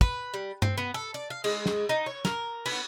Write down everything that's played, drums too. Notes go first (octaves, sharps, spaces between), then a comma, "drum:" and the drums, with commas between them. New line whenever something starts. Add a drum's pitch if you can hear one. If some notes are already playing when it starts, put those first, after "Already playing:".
B4, drum: kick
G3
C4, drum: tom G2
B3
A4
D5
F5
G#3, drum: cymbal
drum: snare
D#4
C#5
A#4, drum: snare
B3, drum: cymbal